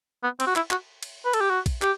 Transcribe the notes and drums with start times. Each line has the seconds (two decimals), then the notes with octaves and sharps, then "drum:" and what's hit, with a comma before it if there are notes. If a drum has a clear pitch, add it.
0.23 B3
0.40 C4, drum: cymbal
0.47 F#4
0.56 E4, drum: clap
0.71 F#4, drum: clap
1.03 drum: cymbal
1.25 B4
1.33 A4, drum: cymbal
1.41 G4
1.50 F#4
1.66 drum: kick A#1, cymbal
1.82 G4, drum: clap